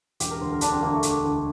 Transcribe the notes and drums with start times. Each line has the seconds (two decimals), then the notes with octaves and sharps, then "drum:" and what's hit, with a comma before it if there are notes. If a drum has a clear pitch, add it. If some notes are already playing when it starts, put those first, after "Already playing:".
0.20 E1 G4, drum: hi-hat
0.31 A#4
0.41 D2 D3 C5
0.52 A#4
0.61 E1 D4, drum: hi-hat
0.72 C4
0.82 D2 D3 A#3
0.93 A3
1.03 E1, drum: hi-hat
1.24 D2 D3